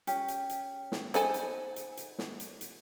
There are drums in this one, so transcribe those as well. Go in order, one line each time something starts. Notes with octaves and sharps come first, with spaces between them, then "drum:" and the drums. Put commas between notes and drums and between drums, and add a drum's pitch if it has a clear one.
C#4 G4, drum: hi-hat
drum: hi-hat
drum: hi-hat
drum: snare
B3 D#4 A4 C5 F#5 G#5, drum: hi-hat
drum: hi-hat
drum: hi-hat
drum: hi-hat
drum: snare
drum: hi-hat
drum: hi-hat